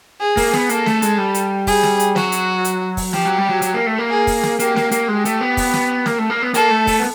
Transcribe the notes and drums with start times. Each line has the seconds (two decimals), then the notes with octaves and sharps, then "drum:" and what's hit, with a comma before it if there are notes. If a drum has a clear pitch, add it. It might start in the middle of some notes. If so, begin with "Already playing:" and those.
0.20 G#4
0.37 A#3, drum: kick, open hi-hat
0.53 B3, drum: snare
0.69 A#3 A4, drum: hi-hat
0.86 A3, drum: snare
1.02 G#3, drum: hi-hat
1.18 G3
1.34 drum: hi-hat
1.67 G#4, drum: kick, open hi-hat
1.83 drum: snare
1.99 drum: hi-hat
2.16 F#3 F#4, drum: snare
2.32 drum: hi-hat
2.65 drum: hi-hat
2.97 drum: kick, open hi-hat
3.13 F3 G4, drum: snare
3.25 F#3
3.38 G3
3.49 F#3
3.62 F#3, drum: hi-hat
3.74 A#3
3.86 A3
3.98 A#3
4.10 G#4
4.27 drum: kick, open hi-hat
4.43 drum: snare
4.59 A#3 G4, drum: hi-hat
4.76 A#3, drum: snare
4.92 A#3, drum: hi-hat
5.08 G#3 G4
5.25 A3, drum: hi-hat
5.41 B3
5.57 drum: kick, open hi-hat
5.73 drum: snare
6.06 A#3, drum: snare
6.18 A3
6.30 A#3
6.42 B3
6.54 A#3 A4, drum: hi-hat
6.70 A3
6.87 A3, drum: kick, open hi-hat
6.99 B3